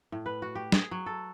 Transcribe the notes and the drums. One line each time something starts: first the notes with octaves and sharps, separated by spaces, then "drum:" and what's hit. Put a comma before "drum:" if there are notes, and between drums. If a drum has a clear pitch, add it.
A2
B4
F#4
G4
G#4, drum: snare
F#3
A4